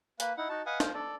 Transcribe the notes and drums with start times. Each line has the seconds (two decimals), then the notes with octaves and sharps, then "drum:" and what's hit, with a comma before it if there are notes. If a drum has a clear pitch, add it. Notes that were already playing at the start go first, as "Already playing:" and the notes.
0.20 A#3 B4, drum: hi-hat
0.37 D#4 E4 F#5
0.49 D#4 F#4 A5
0.66 B4 D#5 F5 F#5 G#5
0.80 C5 F5, drum: snare
0.94 A4 D5